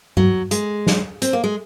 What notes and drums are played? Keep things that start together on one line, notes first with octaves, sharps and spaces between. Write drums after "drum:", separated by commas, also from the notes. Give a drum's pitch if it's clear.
F#3, drum: tom G2
G#3, drum: hi-hat
drum: snare
C4, drum: hi-hat
A#3
G#3